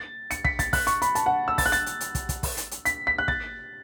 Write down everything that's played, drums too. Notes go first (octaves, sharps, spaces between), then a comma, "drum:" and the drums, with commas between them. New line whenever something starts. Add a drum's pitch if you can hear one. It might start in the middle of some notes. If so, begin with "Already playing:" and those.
Already playing: A6
C#7, drum: hi-hat
B6, drum: kick
A6, drum: kick, hi-hat
F#6, drum: kick, open hi-hat
C#6, drum: hi-hat
B5, drum: hi-hat
A5, drum: hi-hat
F#5
E6
A6, drum: kick, open hi-hat
F#6
A6, drum: hi-hat
drum: hi-hat
drum: hi-hat
drum: kick, hi-hat
drum: kick, hi-hat
drum: kick, open hi-hat
drum: hi-hat
drum: hi-hat
B6, drum: hi-hat
B6
F#6
A6, drum: kick